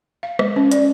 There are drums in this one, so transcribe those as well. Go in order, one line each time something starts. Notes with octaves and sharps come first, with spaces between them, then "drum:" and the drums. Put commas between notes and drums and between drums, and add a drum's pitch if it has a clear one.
F5
G#3, drum: rim click
C#4
D5, drum: hi-hat